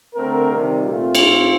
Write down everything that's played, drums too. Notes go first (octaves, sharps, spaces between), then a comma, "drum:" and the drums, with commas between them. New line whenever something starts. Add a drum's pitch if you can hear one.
D3 A3 C4 A#4
C3 D#3 G3
A#2 A3 C4 F4
A2 A3 C4, drum: cymbal